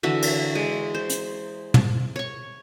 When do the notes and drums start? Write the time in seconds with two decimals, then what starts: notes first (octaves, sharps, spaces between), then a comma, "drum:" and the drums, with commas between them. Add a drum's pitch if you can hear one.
0.03 D3 E3 F#4 E5
0.22 drum: cymbal
0.55 G#3
0.95 C5
1.10 drum: hi-hat
1.74 drum: tom
2.16 C#5 C#6